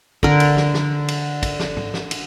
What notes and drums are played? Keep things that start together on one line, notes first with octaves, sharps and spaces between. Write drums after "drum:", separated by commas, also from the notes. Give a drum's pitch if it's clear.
D3 A#4, drum: kick
drum: cymbal
drum: snare
drum: snare
drum: cymbal
drum: kick, cymbal
drum: snare
drum: tom
drum: snare
drum: cymbal